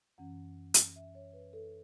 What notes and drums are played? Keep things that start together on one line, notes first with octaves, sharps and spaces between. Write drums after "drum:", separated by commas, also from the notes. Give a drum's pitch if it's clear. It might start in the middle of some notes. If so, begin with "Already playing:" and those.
F#2 E3 C#4 F#5
drum: hi-hat
E5
C#5
B4
A4